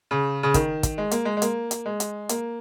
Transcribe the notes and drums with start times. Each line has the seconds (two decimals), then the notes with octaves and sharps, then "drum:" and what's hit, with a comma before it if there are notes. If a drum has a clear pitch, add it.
0.11 C#3
0.43 C#3
0.54 D#3, drum: kick, hi-hat
0.83 drum: kick, hi-hat
0.98 G#3
1.11 A#3, drum: hi-hat
1.25 G#3
1.37 G#3
1.42 A#3, drum: hi-hat
1.71 drum: hi-hat
1.86 G#3
2.00 drum: hi-hat
2.29 A#3, drum: hi-hat